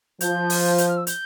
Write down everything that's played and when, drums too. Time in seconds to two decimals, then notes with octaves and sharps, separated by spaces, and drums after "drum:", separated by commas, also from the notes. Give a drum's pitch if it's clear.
0.21 F3 G6, drum: hi-hat
0.50 drum: open hi-hat
0.78 G6, drum: hi-hat
0.88 F6
0.97 E6
1.07 G6, drum: hi-hat